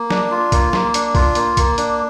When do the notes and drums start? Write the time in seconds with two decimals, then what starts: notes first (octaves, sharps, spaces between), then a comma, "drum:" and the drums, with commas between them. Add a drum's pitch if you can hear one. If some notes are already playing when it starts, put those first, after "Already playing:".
Already playing: A#3
0.10 D4, drum: snare
0.31 F4
0.52 A#3, drum: kick A#1, hi-hat
0.73 A#3, drum: snare
0.94 D4, drum: hi-hat
1.15 F4, drum: kick A#1, open hi-hat
1.35 A#3, drum: hi-hat
1.57 A#3, drum: kick A#1, hi-hat
1.78 D4, drum: hi-hat